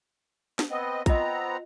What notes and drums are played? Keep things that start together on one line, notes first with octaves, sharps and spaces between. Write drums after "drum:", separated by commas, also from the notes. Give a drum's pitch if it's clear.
drum: snare
B3 C4 D#5
B3 C4 F4 D#5 A#5, drum: kick, hi-hat